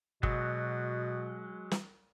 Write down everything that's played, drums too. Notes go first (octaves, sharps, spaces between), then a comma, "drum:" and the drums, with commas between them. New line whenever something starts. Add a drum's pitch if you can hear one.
B2 F#3 G#3, drum: kick G1
drum: snare